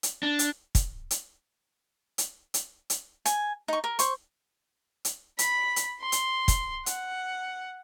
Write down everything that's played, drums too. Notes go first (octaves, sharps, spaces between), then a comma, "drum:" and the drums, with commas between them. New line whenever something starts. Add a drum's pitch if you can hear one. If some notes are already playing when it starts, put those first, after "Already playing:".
drum: hi-hat
D4
drum: hi-hat
drum: kick, hi-hat
drum: hi-hat
drum: hi-hat
drum: hi-hat
drum: hi-hat
G#5, drum: hi-hat
D#4 C#6
A#4
C5 C#6, drum: hi-hat
drum: hi-hat
B5, drum: hi-hat
drum: hi-hat
C6
drum: hi-hat
drum: kick, hi-hat
F#5, drum: hi-hat